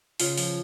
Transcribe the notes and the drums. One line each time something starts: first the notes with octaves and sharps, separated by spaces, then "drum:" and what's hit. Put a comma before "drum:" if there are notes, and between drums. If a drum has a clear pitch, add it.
C#3 F4, drum: open hi-hat
F3, drum: open hi-hat